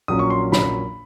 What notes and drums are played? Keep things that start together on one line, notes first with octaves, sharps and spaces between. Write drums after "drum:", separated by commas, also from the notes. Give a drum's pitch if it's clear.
A#1 A#2 F#3 A#3 C#4 D#6
C#6
C6
B5, drum: snare